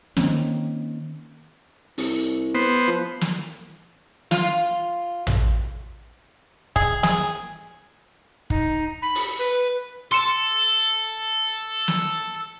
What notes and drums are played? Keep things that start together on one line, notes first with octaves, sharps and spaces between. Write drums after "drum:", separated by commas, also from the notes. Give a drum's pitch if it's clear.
D#3 A#3 C4 C#4, drum: snare
C2, drum: open hi-hat
B3 C5
F3
drum: snare
F4, drum: snare
drum: tom A1
G#4, drum: kick
G#4, drum: snare
D#4, drum: kick
B5
drum: open hi-hat
B4
A4 C6 C#7 E7
drum: snare